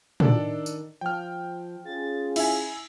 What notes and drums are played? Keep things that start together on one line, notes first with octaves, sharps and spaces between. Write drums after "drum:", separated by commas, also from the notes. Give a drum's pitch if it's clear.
D#3 D4 A4 D5, drum: tom
drum: tambourine
F3 G5 F6
C#4 F4 G#4 A6
E4 E5 G#5, drum: cymbal